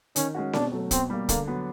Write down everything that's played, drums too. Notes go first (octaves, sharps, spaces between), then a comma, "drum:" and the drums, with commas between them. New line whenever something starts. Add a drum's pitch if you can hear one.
D#3 C#4, drum: hi-hat
G#3 C#4 F#4
B2 D4, drum: snare C4
F#3 A3
B2 C4, drum: kick, hi-hat
G3 A#3
D3 A#3, drum: kick, hi-hat
F#3 B3